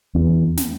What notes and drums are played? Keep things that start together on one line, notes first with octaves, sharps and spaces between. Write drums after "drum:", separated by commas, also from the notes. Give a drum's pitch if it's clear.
E2
drum: snare